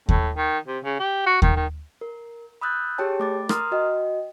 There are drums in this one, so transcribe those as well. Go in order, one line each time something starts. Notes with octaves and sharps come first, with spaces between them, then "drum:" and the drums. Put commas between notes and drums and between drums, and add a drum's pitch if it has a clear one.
A2, drum: kick D#2
D#3
C3
C#3
G4
F#4
D#3, drum: kick D#2
D#3
A#4
B5 D#6 E6 F#6 G6 A6
G4 G#4 C#5 G5 A5
A3 D6 A6
A#4 A#5 C6 D#6 F6, drum: rim click
F#4 D#5 G5